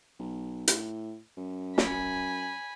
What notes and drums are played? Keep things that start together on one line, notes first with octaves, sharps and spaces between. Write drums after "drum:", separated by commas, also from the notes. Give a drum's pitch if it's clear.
B1
A2, drum: hi-hat
F#2
G#5 B5, drum: snare